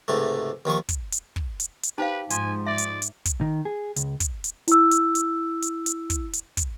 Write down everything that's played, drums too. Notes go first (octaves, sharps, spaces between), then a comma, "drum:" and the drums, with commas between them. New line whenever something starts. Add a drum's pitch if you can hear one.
C#2 G#2 C3 A3
D#2 D#3 F3 C#6
drum: kick, hi-hat
drum: hi-hat
drum: kick
drum: hi-hat
drum: hi-hat
D#4 G4 B4 C5 F5
G#2 F3 G#5, drum: hi-hat
D5 E5
drum: hi-hat
drum: hi-hat
drum: kick, hi-hat
D#3
G#4
C#2, drum: hi-hat
drum: kick, hi-hat
drum: hi-hat
E4 E6, drum: hi-hat
drum: hi-hat
drum: hi-hat
drum: hi-hat
drum: hi-hat
drum: kick, hi-hat
drum: hi-hat
drum: kick, hi-hat